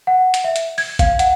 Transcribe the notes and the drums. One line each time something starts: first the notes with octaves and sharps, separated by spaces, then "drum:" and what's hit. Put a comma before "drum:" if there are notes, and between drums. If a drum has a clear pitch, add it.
F#5
drum: hi-hat
E5
drum: hi-hat
G#6, drum: open hi-hat
F5, drum: kick G#1, hi-hat
F#5, drum: hi-hat